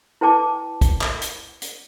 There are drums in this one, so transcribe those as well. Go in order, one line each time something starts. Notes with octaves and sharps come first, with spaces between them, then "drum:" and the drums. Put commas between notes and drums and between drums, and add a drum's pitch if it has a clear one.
E4 B4 G5 A5 D6
drum: kick, hi-hat
drum: clap
drum: hi-hat
drum: hi-hat